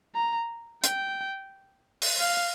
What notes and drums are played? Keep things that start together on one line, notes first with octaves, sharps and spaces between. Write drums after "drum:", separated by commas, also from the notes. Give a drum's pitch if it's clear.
A#5
G5, drum: hi-hat
drum: open hi-hat
F5